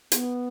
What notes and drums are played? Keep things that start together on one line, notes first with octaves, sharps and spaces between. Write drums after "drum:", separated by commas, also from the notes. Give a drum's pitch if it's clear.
B3, drum: hi-hat